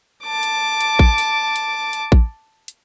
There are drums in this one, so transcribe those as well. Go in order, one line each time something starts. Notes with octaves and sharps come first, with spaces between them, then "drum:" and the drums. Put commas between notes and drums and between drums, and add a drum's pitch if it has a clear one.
A5 D6
drum: hi-hat
drum: hi-hat
drum: kick A1
drum: open hi-hat
drum: hi-hat
drum: hi-hat
drum: kick A1
drum: hi-hat